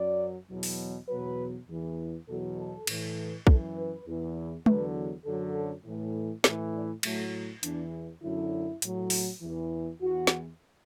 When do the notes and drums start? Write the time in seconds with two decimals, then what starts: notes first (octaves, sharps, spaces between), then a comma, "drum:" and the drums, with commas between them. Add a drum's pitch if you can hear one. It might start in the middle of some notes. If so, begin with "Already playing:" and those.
Already playing: F#2 F#3 D5
0.50 E2 B2 F#3
0.63 drum: open hi-hat
1.09 E2 B2 F#3 B4
1.68 E2 E3
2.28 E2 B2 F#3 A4
2.58 A4
2.87 A2 E3, drum: cymbal
3.47 F#2 E3 A4, drum: kick
3.77 B4
4.06 E2 E3
4.66 E2 D3 F#3 B4, drum: tom
5.26 F#2 D3 F#3 A4
5.85 A2 E3
6.44 A2 E3 E4, drum: snare
6.74 D4
7.03 A2 F#3 A3, drum: cymbal
7.63 E2 E3 D4, drum: hi-hat
8.22 F#2 D3 F#3 E4
8.82 A2 F#3, drum: hi-hat
9.10 drum: open hi-hat
9.42 E2 E3
10.01 E2 E3 F#4
10.27 drum: snare